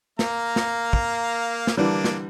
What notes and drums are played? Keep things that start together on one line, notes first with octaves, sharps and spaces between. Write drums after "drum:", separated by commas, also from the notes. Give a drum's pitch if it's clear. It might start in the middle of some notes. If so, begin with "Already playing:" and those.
A#3 F5 A#5, drum: snare
drum: snare
drum: kick
drum: snare
D3 E3 G3 A#3 D4
drum: snare